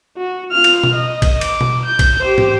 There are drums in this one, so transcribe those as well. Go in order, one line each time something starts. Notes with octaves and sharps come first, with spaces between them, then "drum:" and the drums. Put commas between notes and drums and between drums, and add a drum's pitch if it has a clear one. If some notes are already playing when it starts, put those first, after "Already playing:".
F#4
F4 F6
drum: cymbal
drum: tom B2
D#5
drum: kick A#1, cymbal
D6, drum: cymbal
drum: tom B2
G6
drum: kick A#1, cymbal
G4 C5
drum: tom